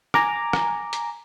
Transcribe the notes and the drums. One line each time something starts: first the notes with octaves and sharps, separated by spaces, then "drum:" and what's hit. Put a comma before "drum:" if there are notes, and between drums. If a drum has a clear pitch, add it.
G#5 A#5 D6, drum: rim click
drum: rim click
drum: hi-hat